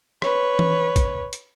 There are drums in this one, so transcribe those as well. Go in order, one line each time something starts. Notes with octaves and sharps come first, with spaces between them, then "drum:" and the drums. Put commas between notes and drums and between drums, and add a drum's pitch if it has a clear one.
B4 C#5, drum: rim click
drum: tom E3
drum: kick, hi-hat
drum: hi-hat